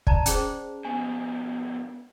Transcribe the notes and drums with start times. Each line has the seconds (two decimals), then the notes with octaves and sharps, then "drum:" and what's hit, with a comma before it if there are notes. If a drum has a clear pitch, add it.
0.07 D5 A5 A#5, drum: kick
0.26 C#4 G#4 C5, drum: hi-hat
0.85 F2 B2 G#5